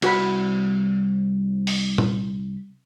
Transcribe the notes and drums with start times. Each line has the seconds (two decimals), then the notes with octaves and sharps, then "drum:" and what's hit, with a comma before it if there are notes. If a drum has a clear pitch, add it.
0.02 C2 F#4 F#5 B5, drum: cymbal
1.67 drum: open hi-hat
1.98 drum: tom A#2